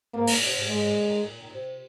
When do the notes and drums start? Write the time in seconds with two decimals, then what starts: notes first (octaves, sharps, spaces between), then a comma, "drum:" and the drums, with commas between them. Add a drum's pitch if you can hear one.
0.13 G#2 A#3
0.27 A#2, drum: open hi-hat
0.41 C3
0.54 G#2
0.68 G#2 G#3
0.81 G#2
0.86 A#2
1.05 D#3
1.23 A#2
1.40 D#3
1.50 C3